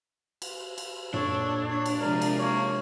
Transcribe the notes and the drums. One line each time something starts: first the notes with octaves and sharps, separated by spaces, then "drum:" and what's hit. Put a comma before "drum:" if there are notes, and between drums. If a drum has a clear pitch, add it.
drum: cymbal
drum: cymbal
A#2 D4 A4 C#5, drum: tom
C#5
drum: cymbal
C3 F3 G#3 A#4 D5
drum: cymbal
A#3 C#5